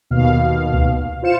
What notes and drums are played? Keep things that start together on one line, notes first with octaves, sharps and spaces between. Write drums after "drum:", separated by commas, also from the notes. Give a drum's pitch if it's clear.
D#2 B2 F5
drum: kick C#2
E4 F4 C5 F5 C#7 E7